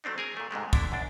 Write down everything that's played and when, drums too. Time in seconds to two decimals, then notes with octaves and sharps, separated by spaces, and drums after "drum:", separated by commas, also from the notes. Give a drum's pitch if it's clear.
0.04 F#3 A3 C4 D4 D#4
0.18 G#4 A#4 G#5
0.37 A#2 A3
0.51 G#2 C3 G#3 A3
0.73 D3 D4 E4, drum: kick
0.92 F#2 D4